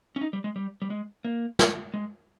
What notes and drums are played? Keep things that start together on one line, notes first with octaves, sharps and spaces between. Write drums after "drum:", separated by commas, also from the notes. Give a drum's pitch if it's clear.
C#4
D#4
G3
G#3
G3
G3
G#3
A#3
drum: snare
G#3